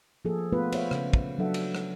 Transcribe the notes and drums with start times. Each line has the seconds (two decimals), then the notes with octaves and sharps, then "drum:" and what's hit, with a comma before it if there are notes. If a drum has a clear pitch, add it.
0.25 F3 A#3 G#4 A4
0.52 A3 B3 F4 B4
0.72 C5 C#5 E5 F5, drum: cymbal
0.91 C#3, drum: rim click
1.13 drum: kick
1.38 F#3 D4 A4 E5 F#5
1.54 drum: cymbal
1.75 drum: rim click